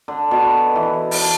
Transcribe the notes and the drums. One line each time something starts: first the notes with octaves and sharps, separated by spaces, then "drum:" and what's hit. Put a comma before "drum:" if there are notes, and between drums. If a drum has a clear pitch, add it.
D3
B2
E3
A5, drum: open hi-hat